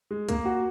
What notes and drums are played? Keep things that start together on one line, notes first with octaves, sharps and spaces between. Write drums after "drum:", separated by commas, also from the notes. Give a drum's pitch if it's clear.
G#3
A#3, drum: kick, hi-hat
F#4